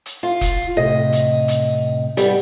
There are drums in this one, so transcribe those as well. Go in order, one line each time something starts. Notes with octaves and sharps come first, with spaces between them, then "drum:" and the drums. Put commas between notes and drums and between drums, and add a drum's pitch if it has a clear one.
drum: hi-hat
F4
drum: kick E1, hi-hat
A2 C3 D#5
drum: hi-hat
drum: hi-hat
G3 B3, drum: hi-hat